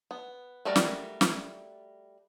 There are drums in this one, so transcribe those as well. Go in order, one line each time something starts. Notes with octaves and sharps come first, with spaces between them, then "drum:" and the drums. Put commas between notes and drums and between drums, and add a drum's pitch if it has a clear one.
B3
G3 A3 F#4 A#4 D5
drum: snare
drum: snare